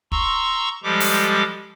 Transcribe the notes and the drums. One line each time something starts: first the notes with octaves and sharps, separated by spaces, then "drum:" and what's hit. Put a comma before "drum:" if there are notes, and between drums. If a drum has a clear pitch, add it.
A#5 C6 C#6 E6, drum: kick
F3 G3 G#3 G4 A4 D6
drum: open hi-hat